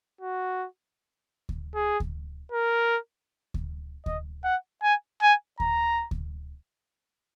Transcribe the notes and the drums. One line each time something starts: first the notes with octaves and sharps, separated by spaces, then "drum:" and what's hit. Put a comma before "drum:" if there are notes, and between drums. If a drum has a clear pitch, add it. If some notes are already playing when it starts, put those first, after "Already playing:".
F#4
drum: kick D2
G#4
drum: kick D2
A#4
drum: kick D2
D#5, drum: kick D2
F#5
G#5
G#5
A#5, drum: kick D2
drum: kick D2